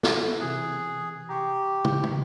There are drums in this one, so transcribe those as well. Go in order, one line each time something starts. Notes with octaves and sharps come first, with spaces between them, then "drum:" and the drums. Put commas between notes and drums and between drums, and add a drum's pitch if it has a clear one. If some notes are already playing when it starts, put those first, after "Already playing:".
E4 A4 E5, drum: snare
C3 E3 G#4 F#6
G4 A#5 C#6
drum: tom
E3
drum: tom